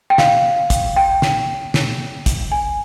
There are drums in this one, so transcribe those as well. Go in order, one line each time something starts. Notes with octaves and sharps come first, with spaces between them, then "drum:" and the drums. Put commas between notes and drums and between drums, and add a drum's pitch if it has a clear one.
G5
F5, drum: snare
drum: kick, hi-hat
G5
drum: snare
drum: snare
drum: kick, hi-hat
G#5